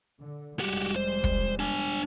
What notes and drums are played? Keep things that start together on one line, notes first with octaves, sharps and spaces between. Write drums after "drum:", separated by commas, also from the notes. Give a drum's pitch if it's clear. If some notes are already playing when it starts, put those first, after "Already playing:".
D3
F1 G3 G#3 F#4 G4
C5
drum: kick
D4 G#5